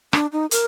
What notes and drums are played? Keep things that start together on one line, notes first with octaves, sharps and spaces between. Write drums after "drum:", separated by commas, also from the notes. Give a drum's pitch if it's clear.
D4, drum: rim click
D#4
A#4, drum: hi-hat